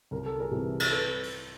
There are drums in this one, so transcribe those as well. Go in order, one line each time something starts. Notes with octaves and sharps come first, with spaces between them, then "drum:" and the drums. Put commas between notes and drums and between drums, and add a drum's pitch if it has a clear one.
C2 A#4
A4
G#4 A#4
C3 E3 G3
drum: cymbal
A4 B4
drum: open hi-hat